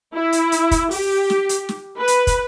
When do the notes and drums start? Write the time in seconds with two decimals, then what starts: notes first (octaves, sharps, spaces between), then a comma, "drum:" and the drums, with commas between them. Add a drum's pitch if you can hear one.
0.13 E4
0.32 drum: hi-hat
0.52 drum: hi-hat
0.71 drum: kick, hi-hat
0.91 G4, drum: open hi-hat
1.30 drum: snare
1.49 drum: hi-hat
1.69 drum: snare
1.97 B4
2.08 drum: hi-hat
2.27 drum: kick, hi-hat